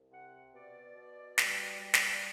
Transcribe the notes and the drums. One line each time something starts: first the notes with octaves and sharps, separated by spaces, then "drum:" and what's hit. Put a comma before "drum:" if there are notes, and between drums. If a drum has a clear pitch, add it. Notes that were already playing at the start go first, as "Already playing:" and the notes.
Already playing: C2
C3 F#5
B2 D5
B2
G3, drum: snare
G3
drum: snare